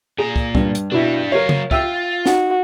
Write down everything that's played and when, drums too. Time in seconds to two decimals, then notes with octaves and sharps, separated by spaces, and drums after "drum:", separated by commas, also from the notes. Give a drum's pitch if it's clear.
0.18 A#2 G#4 A#5
0.36 drum: kick
0.55 G2, drum: kick
0.75 drum: hi-hat
0.92 B2 G3 D4 E4
1.32 F#3 A#4 C#5 F5
1.49 drum: tom C#3
1.71 F4 E5 G5 E6, drum: kick
2.26 D#4 F#4, drum: snare